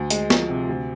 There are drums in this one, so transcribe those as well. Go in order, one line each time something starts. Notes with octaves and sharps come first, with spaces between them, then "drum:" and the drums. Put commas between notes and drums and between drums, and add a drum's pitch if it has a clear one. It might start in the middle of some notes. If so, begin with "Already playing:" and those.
Already playing: D2
G#3, drum: hi-hat
F3, drum: snare
C3
D2